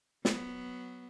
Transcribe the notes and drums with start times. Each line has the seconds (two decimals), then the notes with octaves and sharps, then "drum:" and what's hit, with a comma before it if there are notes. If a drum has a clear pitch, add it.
0.25 F#3 B3, drum: snare